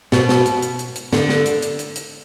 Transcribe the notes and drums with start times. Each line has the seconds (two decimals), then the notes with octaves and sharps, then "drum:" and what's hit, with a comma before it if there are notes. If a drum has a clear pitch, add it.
0.12 B2, drum: snare
0.29 drum: snare
0.46 drum: hi-hat
0.62 drum: hi-hat
0.79 drum: hi-hat
0.96 drum: hi-hat
1.13 D3, drum: snare
1.29 drum: snare
1.46 drum: hi-hat
1.62 drum: hi-hat
1.79 drum: hi-hat
1.96 drum: hi-hat